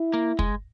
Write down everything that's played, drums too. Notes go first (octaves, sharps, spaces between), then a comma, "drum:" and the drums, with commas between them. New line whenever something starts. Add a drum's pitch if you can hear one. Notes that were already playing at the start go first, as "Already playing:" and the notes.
Already playing: E4
A#3
G#3, drum: kick